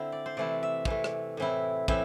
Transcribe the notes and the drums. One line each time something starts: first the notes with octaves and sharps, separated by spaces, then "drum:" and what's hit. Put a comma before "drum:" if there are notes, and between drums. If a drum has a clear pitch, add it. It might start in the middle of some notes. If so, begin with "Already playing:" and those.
Already playing: D3 C4 E4 C5
D5
C5
C3 E3 A3 E4 D5
E5
C3 E3 A3 E4, drum: kick
drum: rim click
A2 E3 C4 E4
A2 E3 C4 E4 E5, drum: kick